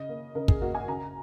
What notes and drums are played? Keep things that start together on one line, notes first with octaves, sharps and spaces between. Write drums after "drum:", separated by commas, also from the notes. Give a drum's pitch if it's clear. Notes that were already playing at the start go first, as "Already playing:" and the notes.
Already playing: C#3 D#5
A#3
C#3 A#4
G#4, drum: kick
A#3 F#4
G#5
C#3 A#5